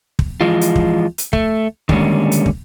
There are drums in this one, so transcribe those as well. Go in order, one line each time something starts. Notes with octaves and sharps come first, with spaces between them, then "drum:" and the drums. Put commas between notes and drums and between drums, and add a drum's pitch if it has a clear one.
drum: kick
E3 F3 G#3 F4
drum: hi-hat
drum: kick
drum: hi-hat
A3, drum: kick
D3 D#3 G3 G#3 A#3 C#4, drum: kick
drum: hi-hat
drum: kick